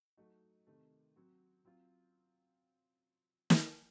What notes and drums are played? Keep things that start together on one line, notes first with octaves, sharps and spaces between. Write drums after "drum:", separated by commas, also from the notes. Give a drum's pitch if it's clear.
F#3 A3 D#4 F#4
C3 D#3 A3
F#3 C4 F#4
F#3 C4 F4
drum: snare